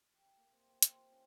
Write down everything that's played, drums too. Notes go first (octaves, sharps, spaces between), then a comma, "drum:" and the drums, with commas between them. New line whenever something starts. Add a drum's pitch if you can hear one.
G4
E4
A#3
C4
G4
C4, drum: hi-hat
F4
C#4